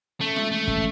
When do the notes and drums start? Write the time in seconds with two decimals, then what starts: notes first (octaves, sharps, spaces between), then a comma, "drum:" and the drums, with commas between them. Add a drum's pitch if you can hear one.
0.20 A3 C#4
0.36 G#3, drum: snare F4
0.52 E3 A3
0.67 C#4, drum: kick